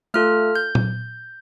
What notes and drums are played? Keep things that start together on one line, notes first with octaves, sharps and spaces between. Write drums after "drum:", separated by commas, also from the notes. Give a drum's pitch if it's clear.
A3 F4 A4 F6
G6
drum: tom A#2